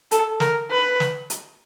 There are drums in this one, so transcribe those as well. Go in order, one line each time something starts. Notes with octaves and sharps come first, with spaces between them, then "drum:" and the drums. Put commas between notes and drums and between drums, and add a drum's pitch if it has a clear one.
A4, drum: hi-hat
A#4, drum: snare
B4
drum: snare
drum: hi-hat